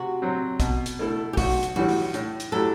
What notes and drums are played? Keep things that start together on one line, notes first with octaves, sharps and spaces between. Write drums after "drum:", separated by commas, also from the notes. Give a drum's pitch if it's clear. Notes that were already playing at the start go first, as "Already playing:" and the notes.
Already playing: C3 F#4
F#3 C4
B2, drum: kick, hi-hat
drum: hi-hat
A3 E4 A4
G4
B1 F#4, drum: kick, open hi-hat
drum: hi-hat
A2 E3 G3 F#4
drum: open hi-hat
A2, drum: hi-hat
drum: hi-hat
F#3 A3 E4 G4 A4